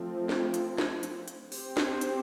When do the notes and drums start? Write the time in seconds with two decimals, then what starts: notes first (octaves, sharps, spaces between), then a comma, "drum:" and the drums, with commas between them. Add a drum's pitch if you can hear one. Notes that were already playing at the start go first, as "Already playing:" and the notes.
Already playing: F3 A3 C4
0.29 drum: snare
0.54 drum: hi-hat
0.78 drum: snare
1.03 drum: hi-hat
1.28 drum: hi-hat
1.52 C4 G4 C5, drum: open hi-hat
1.77 drum: snare
2.01 drum: hi-hat